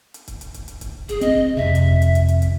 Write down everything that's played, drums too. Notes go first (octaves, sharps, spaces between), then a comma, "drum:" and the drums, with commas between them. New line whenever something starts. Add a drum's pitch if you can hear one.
drum: hi-hat
drum: kick, hi-hat
drum: hi-hat
drum: kick, hi-hat
drum: hi-hat
drum: kick, hi-hat
G#4, drum: kick, hi-hat
C4 D#5, drum: hi-hat
drum: kick
F2 C3 E5
drum: hi-hat
drum: kick
drum: hi-hat
drum: kick, hi-hat
drum: hi-hat
drum: kick, hi-hat